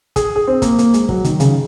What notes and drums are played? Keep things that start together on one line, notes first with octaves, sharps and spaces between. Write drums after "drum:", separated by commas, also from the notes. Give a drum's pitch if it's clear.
G#4, drum: kick, hi-hat
G#4
C4
A#3, drum: kick, hi-hat
A#3, drum: hi-hat
G#3, drum: hi-hat
F#3, drum: kick
D#3, drum: hi-hat
C#3, drum: hi-hat